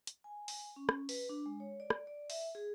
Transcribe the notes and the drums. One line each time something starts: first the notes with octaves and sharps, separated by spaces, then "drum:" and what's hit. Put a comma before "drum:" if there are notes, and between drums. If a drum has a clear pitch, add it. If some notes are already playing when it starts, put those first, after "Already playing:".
drum: hi-hat
G#5
drum: open hi-hat
C#4
drum: rim click
B4, drum: open hi-hat
D4
G#3
C#5
D5
drum: rim click
D5
E5, drum: open hi-hat
G#4